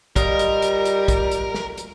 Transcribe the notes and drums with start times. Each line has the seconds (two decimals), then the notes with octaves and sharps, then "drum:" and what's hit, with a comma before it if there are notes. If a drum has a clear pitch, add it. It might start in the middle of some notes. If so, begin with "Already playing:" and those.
0.16 G3 F4 A#4 D#5, drum: kick, hi-hat
0.39 drum: hi-hat
0.62 drum: hi-hat
0.85 drum: hi-hat
1.08 drum: kick, hi-hat
1.31 drum: hi-hat
1.54 drum: snare
1.77 drum: hi-hat